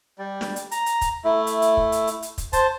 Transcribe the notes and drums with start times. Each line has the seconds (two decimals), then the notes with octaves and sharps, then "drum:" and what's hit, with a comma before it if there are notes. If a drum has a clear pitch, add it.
0.18 G3
0.41 drum: snare
0.56 drum: hi-hat
0.71 A#5, drum: hi-hat
0.86 drum: hi-hat
1.01 drum: kick, hi-hat
1.24 A3 E4
1.47 drum: hi-hat
1.62 drum: hi-hat
1.77 drum: kick
1.92 drum: hi-hat
2.07 drum: hi-hat
2.22 drum: hi-hat
2.38 drum: kick, hi-hat
2.53 C5 A5, drum: kick, hi-hat